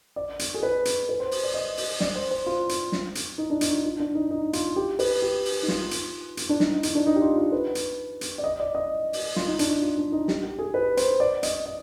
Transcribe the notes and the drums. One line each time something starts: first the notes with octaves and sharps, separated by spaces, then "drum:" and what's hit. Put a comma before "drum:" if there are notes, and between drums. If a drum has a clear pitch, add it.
D5
drum: hi-hat
G#4
B4
drum: hi-hat
B4
C5
drum: open hi-hat
D5
D#5
drum: open hi-hat
D5, drum: snare
C5
C5
F4
drum: hi-hat
drum: snare
drum: hi-hat
D#4
D4
D#4, drum: hi-hat
F4
D#4
D4
D#4
D#4
F4, drum: hi-hat
G4
B4, drum: open hi-hat
G4
drum: open hi-hat
D#4
F4, drum: snare
drum: hi-hat
drum: hi-hat
D4
D#4, drum: snare
D#4
D#4, drum: hi-hat
D4
D#4
G4
F4
F4
B4
drum: hi-hat
drum: hi-hat
D5
D#5
D5
D#5
drum: open hi-hat
F4, drum: snare
D#4
D4, drum: hi-hat
D#4
F4
D4
D#4
G4, drum: snare
G4
G#4
B4
C5, drum: hi-hat
D5
D#5, drum: hi-hat
D#5